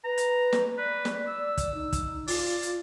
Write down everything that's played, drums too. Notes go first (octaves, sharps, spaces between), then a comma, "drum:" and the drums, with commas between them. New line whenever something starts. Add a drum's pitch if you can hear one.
B4 A#5
drum: hi-hat
drum: snare
B4 D5
drum: snare
E6
drum: kick, hi-hat
D#4
drum: kick, hi-hat
F4 D5, drum: open hi-hat
drum: hi-hat